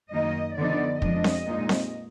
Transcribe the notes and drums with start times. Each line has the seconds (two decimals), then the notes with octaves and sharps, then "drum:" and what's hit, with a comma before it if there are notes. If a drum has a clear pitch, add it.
0.12 F#2 D#3 A#3 D#4 D#5
0.57 D3 F3 B3 D#4 D5
1.02 F2 F3 G#3 D4 D#5, drum: kick
1.24 drum: snare C4
1.47 A#2 G#3 D#4
1.69 drum: snare C4